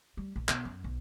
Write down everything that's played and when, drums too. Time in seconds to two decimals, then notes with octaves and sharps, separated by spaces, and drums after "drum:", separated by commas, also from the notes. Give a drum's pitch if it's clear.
0.17 G3
0.36 A#1
0.48 B2, drum: clap
0.65 F#2
0.84 B1